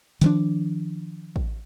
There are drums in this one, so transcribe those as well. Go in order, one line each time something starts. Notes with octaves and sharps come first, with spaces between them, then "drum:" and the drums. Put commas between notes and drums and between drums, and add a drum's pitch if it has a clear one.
D#3 F3 D4, drum: hi-hat
drum: kick